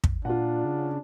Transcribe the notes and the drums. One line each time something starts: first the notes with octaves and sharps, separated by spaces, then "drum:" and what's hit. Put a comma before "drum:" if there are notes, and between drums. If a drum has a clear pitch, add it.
drum: kick
A#2 D4 F4 F#5
C#3